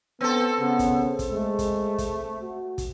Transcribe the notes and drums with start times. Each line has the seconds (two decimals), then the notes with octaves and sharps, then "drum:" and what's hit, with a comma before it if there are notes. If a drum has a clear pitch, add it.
0.21 B3 C4 A4
0.59 C#3 B3
0.79 drum: kick, hi-hat
1.19 drum: kick, hi-hat
1.32 G#3 A3
1.59 drum: kick, hi-hat
1.98 drum: kick, hi-hat
2.41 F#4
2.78 drum: kick, hi-hat